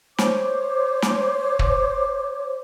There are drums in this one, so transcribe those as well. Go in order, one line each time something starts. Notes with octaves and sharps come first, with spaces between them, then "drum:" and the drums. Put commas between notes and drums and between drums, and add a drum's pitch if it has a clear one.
C5 C#5 D6, drum: snare
drum: snare
drum: kick